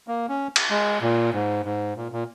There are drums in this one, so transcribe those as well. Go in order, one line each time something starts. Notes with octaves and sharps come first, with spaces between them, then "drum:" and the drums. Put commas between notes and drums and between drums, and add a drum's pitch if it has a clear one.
A#3
C#4
drum: cymbal
G#3
A#2
G#2
G#2
A#2
A#2